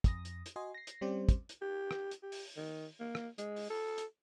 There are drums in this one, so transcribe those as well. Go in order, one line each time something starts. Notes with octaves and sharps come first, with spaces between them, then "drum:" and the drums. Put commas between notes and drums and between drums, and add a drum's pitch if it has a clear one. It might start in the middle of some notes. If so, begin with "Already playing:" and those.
F2 D#6 A#6, drum: kick, hi-hat
drum: hi-hat
drum: hi-hat
F#4 D#5 G#5 C6
A#6 C7
drum: hi-hat
G3 C4 C#4 G4 C5 D5
drum: kick, hi-hat
drum: hi-hat
G4
drum: rim click
drum: hi-hat
G4
drum: open hi-hat
D#3
A#3
drum: rim click
G#3, drum: hi-hat
drum: open hi-hat
A4
drum: hi-hat